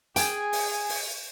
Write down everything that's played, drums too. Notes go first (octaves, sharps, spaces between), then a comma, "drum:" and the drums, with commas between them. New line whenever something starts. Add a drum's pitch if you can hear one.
G#4 G5 G#5, drum: hi-hat
drum: open hi-hat
drum: open hi-hat